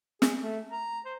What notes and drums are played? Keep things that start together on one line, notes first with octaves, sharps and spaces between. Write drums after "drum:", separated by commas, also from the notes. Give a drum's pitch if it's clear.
G#4, drum: snare
A3
A#5
C5